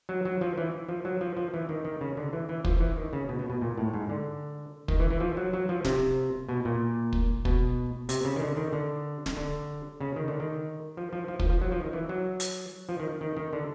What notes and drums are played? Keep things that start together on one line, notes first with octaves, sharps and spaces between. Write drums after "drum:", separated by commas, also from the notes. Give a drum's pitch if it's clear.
F#3
F#3
F3
E3
F3
F#3
F3
F3
E3
D#3
D#3
C#3
D3
E3
E3
F3, drum: kick
E3
D#3
C#3
B2
B2
B2
A#2
A2
G#2
D3
D#3, drum: kick
E3
E3
F3
F#3
F#3
F3
C3, drum: snare
B2
A#2
drum: kick
B2, drum: kick
C3, drum: hi-hat
C#3
D#3
D3
D#3
D3
drum: snare
D3
C#3
D#3
D3
D#3
F3
F3
F3
F3, drum: kick
F3
F#3
F3
D#3
E3
F#3
drum: hi-hat
F3
D#3
D#3
D#3
D3